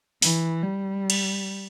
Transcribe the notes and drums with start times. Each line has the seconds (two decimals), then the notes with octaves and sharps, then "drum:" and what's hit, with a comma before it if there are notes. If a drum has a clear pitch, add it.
0.22 E3, drum: open hi-hat
0.63 G3
1.10 drum: cymbal